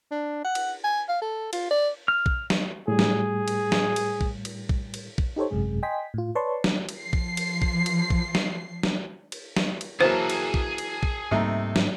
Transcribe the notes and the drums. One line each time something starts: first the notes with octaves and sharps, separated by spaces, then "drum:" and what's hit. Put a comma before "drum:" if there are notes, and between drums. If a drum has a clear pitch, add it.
D4
F#5
drum: cymbal
G#5
F5
A4
F4, drum: cymbal
D5
F6
drum: kick A#1
drum: snare
A2 G3 G#4
drum: snare
drum: cymbal
drum: snare
drum: cymbal
drum: kick A#1
drum: cymbal
drum: kick A#1
drum: cymbal
drum: kick A#1
D#4 G4 A4 C5 C#5
G#1 F#2 C3 G#3 G#4
D#5 G5 G#5 C6 B6
A2 F4
B4 C#5 D5 A5 C6 C#6
drum: snare
drum: cymbal
F3 C7
drum: kick A#1
drum: cymbal
drum: kick A#1
drum: cymbal
drum: kick A#1
drum: snare
drum: snare
drum: cymbal
drum: snare
drum: cymbal
E3 F#3 A#3 G#4 C5 A5
drum: cymbal
drum: kick A#1
drum: cymbal
drum: kick A#1
G#2 C3 G3 A3 A#3 D#4
drum: snare